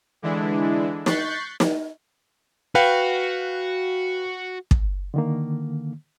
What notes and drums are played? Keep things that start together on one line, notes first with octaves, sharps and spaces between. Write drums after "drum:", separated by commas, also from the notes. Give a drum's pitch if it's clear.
D3 E3 G#3 D4 E4
C#6 F#6 G6 A6 B6 C7, drum: snare
drum: snare
F#4 B4 F5 G5
drum: kick
D3 D#3 A#3